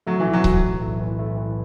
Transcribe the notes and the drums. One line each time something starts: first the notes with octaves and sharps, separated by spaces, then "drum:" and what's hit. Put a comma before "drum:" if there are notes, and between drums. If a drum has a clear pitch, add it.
F#3 A3
E3
B1
F#3
E3, drum: kick C#1
A2
A3
E3
A3
E3